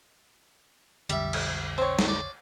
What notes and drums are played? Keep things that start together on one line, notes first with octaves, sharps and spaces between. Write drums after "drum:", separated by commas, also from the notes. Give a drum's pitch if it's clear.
B1 F2 D3 G3 E5, drum: hi-hat
drum: cymbal
C4 C5 C#5
drum: snare
D5